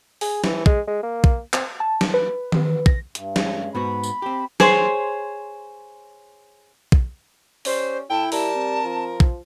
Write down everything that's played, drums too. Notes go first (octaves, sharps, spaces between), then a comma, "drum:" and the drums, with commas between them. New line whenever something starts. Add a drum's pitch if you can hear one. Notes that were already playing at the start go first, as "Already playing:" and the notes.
G#4, drum: open hi-hat
E3, drum: snare
G#3, drum: kick
G#3
A#3
drum: kick
C4, drum: clap
A5
drum: snare
B4
drum: tom D#3
A#6, drum: kick
G2, drum: hi-hat
G#3 C#4, drum: snare
G#2 B3 F#4 B5
drum: tambourine
C4 G4
G#4 C5 C#5 C6, drum: snare
drum: kick
C#4 G4 C5 D5, drum: open hi-hat
A2 E4 G5 A5
G3 A#4 A5, drum: open hi-hat
C4
F3
drum: kick